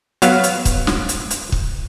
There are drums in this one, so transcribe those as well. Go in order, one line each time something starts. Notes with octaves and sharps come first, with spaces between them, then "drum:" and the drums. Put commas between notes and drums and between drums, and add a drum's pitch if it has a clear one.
F#3 B3 F5, drum: hi-hat
drum: hi-hat
drum: kick, hi-hat
drum: snare
drum: hi-hat
drum: hi-hat
drum: kick